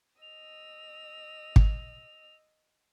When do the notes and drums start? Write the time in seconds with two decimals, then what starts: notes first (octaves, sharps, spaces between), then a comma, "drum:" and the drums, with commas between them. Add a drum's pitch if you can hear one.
0.22 D#5 E6 F7
1.56 drum: kick